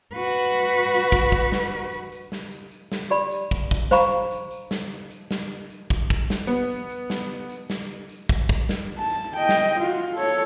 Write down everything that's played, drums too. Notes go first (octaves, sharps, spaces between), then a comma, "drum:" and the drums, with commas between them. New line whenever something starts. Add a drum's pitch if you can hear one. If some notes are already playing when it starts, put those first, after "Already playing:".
F#4 B4
drum: tambourine
drum: tambourine
drum: kick, tambourine
drum: kick, tambourine
drum: snare
drum: tambourine
drum: tambourine
drum: tambourine
drum: snare
drum: tambourine
drum: tambourine
drum: snare
G4 D5 B5, drum: tambourine
drum: tambourine
drum: kick, tambourine
drum: kick, tambourine
C5 F5 A#5 B5 C#6, drum: snare
drum: tambourine
drum: tambourine
drum: tambourine
drum: snare
drum: tambourine
drum: tambourine
drum: snare
drum: tambourine
drum: tambourine
drum: kick, tambourine
drum: kick
drum: snare
B3, drum: tambourine
drum: tambourine
drum: tambourine
drum: snare
drum: tambourine
drum: tambourine
drum: snare
drum: tambourine
drum: tambourine
drum: kick, tambourine
drum: kick, tambourine
drum: snare
A5
drum: tambourine
D#5 G5
drum: snare
drum: tambourine
F4 F#4
A4 C#5
drum: tambourine